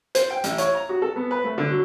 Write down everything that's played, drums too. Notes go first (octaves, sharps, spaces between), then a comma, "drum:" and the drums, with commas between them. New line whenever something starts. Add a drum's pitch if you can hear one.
C5, drum: hi-hat
G5
A1, drum: hi-hat
C#5, drum: hi-hat
A#5
F#4
A4
B3
B4
A3
D3
F#3